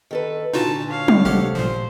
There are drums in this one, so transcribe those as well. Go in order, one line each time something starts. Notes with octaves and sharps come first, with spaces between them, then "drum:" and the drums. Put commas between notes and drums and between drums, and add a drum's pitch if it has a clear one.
D#3 A4 B4
A#2 D3 C#4 D#4 F4 F#4 A5
C#5 F5
drum: tom F#3
G#1 C3 G4 A4 F#5 F6
A#2 F3 C5